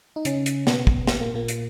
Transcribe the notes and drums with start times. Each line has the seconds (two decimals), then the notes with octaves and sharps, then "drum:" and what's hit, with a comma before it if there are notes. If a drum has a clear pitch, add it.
0.16 D#4
0.25 C#3 C#4, drum: hi-hat
0.46 drum: hi-hat
0.67 B2 B3, drum: snare
0.87 drum: kick
1.07 drum: snare
1.21 A#2 A#3
1.34 A#2 A#3
1.48 drum: hi-hat